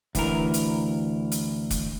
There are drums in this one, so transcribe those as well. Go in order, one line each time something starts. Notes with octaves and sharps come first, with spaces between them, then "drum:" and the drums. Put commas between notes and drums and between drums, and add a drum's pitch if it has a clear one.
D2 E3 A#4, drum: kick E1, hi-hat
drum: hi-hat
drum: hi-hat
drum: kick E1, hi-hat